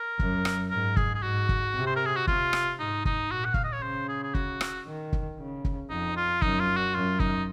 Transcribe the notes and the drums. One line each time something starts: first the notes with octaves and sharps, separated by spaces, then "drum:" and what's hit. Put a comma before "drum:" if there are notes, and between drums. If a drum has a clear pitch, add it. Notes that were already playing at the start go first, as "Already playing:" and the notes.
Already playing: A#4
F#2, drum: kick
drum: rim click
G#2 A#4
G#4, drum: kick
G#4
G#2 F#4
drum: kick
C3
C5
A#4
G#4
F#4
C3 F4, drum: kick
drum: rim click
G#2 D#4
D#4, drum: kick
A#2 F#4
F#5
F5, drum: kick
D#5
C#5
C#3 C5
G#4
G#4
F#4, drum: kick
drum: rim click
D#3
drum: kick
C#3
drum: kick
F2 D#4
F4
F#2 D#4, drum: kick
F4
F#4
F#2 F4
D#4, drum: kick